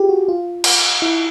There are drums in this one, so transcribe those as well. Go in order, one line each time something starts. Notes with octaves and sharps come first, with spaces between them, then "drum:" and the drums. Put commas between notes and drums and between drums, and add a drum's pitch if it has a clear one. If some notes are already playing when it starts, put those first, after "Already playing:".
Already playing: F4 G4 G#4
F#4
F4
drum: cymbal
E4